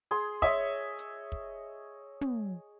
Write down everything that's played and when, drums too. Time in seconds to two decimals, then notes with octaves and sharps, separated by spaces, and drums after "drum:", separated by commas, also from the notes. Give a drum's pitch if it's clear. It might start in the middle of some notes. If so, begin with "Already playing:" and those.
0.11 G#4 C6
0.42 C#5 D#5 E5, drum: kick
0.99 drum: hi-hat
1.32 drum: kick
2.21 drum: tom